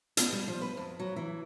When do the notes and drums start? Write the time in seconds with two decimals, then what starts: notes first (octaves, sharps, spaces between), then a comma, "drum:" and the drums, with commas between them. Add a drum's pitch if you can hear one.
0.17 B3, drum: hi-hat
0.33 G3
0.48 F3
0.61 B4
0.77 F2
0.99 F#3
1.16 E3